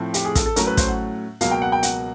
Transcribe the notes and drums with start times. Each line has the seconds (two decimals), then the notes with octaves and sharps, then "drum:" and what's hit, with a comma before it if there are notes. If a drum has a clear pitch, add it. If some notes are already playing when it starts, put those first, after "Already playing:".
Already playing: A2 F3 A3 C4
0.14 G4, drum: hi-hat
0.25 G#4
0.35 A4, drum: kick, hi-hat
0.46 A4
0.56 A2 F#3 A3 C#4 A#4, drum: hi-hat
0.67 B4
0.77 C5, drum: kick, hi-hat
0.88 F#5
1.41 C#2 B2 F#3 A#3 F5, drum: hi-hat
1.51 G5
1.62 F#5
1.72 G5
1.83 F#5, drum: hi-hat